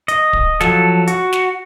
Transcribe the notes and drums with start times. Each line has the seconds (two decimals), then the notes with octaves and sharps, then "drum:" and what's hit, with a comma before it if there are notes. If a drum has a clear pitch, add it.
0.08 D#5, drum: hi-hat
0.33 drum: kick D1
0.60 F3 F#3 A4, drum: snare
1.07 F#4, drum: hi-hat
1.33 drum: snare